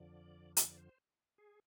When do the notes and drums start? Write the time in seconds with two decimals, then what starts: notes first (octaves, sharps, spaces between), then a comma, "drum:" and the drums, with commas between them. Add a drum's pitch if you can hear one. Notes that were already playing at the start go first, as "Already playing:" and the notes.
Already playing: F2 D3 F3 D5
0.57 D5, drum: hi-hat
0.77 C5
1.38 G#4